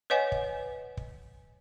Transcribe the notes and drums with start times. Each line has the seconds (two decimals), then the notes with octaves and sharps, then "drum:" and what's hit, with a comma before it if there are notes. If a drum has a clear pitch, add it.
0.10 B4 C#5 D#5 F#5 G#5
0.32 drum: kick
0.97 drum: kick